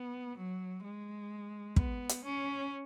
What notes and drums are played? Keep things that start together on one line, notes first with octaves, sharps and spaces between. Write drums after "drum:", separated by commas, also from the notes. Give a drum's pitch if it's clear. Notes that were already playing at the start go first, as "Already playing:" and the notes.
Already playing: B3
F#3
G#3
B3, drum: kick
drum: hi-hat
C#4